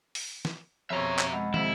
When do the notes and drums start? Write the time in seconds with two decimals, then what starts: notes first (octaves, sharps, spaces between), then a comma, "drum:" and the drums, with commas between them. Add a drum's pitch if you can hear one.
0.15 drum: open hi-hat
0.45 drum: snare
0.90 F2 B2 C#5 E5 A#5
1.19 drum: clap
1.32 G#3 D#5 F#5 B5
1.54 F2 C3 E4, drum: tom